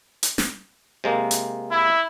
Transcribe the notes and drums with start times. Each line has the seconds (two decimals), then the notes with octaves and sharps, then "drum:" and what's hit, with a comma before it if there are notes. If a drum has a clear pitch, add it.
0.23 drum: hi-hat
0.38 drum: snare
1.04 C3 G#3 A#3
1.31 drum: hi-hat
1.71 E4